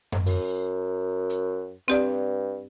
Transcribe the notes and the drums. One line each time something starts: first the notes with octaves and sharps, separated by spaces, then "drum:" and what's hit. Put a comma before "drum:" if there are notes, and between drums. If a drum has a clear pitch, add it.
drum: tom F#2
F#2, drum: open hi-hat
drum: hi-hat
G2 C4 G4 D5